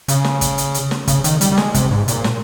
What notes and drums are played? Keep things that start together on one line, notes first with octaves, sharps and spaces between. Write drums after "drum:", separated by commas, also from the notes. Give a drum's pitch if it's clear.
C#3, drum: hi-hat
drum: snare
drum: kick, hi-hat
drum: hi-hat
drum: hi-hat
drum: snare
C#3, drum: kick, hi-hat
D#3, drum: hi-hat
G3, drum: hi-hat
G3
G#3, drum: snare
C3, drum: kick, hi-hat
G#2
A#2, drum: hi-hat
drum: snare